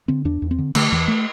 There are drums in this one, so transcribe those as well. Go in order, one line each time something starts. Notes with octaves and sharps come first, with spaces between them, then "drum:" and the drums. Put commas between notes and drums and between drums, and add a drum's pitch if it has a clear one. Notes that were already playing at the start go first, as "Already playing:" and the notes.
D3 C4
E2 D4
E2
C4
D3
D3 A3, drum: cymbal
E2 E3
A3